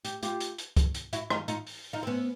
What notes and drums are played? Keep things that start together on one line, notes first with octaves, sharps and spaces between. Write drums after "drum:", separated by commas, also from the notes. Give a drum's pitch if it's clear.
G4, drum: hi-hat
F4 G4, drum: hi-hat
drum: hi-hat
drum: hi-hat
drum: kick C#2, hi-hat
drum: hi-hat
E4 F#4, drum: hi-hat
D#4 F4, drum: rim click
D#4 F4, drum: hi-hat
drum: open hi-hat
D#4 F4
C4
B3 C#4